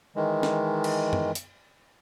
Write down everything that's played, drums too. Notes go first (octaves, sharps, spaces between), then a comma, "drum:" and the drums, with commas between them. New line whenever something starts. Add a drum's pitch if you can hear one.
D#3 E3 G#3
drum: snare
drum: cymbal
drum: tom
drum: hi-hat